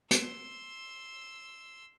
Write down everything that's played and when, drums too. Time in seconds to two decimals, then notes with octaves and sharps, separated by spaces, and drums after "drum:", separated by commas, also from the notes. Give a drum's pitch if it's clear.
0.11 C6 E6, drum: hi-hat